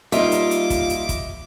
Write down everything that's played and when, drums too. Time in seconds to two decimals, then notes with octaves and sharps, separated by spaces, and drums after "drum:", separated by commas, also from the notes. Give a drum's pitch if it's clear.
0.12 G3 A#3 D#4 F4 D#5 E5 D6, drum: hi-hat
0.32 drum: hi-hat
0.51 drum: hi-hat
0.70 drum: kick, hi-hat
0.90 drum: hi-hat
1.09 drum: kick, hi-hat